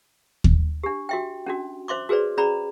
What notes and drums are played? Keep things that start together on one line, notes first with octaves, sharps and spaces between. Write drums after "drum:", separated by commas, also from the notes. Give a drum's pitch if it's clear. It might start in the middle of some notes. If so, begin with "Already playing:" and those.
drum: kick D#2
D4 G4
F#4 E5 G5
C#4 D4 F#4
C5 E5 C6 D6
F#4 G#4 B4 C5 D5
C#4 G#4 D5 A#5 B5